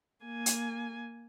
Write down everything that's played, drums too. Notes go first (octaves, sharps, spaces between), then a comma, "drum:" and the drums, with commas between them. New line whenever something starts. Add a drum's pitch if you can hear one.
A#3 G#5
drum: hi-hat